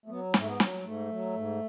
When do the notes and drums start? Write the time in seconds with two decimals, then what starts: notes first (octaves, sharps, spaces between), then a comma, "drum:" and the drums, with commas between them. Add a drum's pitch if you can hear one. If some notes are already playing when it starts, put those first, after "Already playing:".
0.06 A3
0.09 F#3 B3
0.34 G#2, drum: snare
0.39 A3
0.47 B3
0.60 F#3, drum: snare
0.84 G#2 A3
1.10 F#3
1.35 G#2